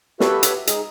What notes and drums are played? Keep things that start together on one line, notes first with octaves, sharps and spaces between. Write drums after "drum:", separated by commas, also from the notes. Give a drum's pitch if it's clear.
F#4 G4 A4 B4 C#5 E5, drum: snare
drum: hi-hat
G#3 D#4 G#4, drum: hi-hat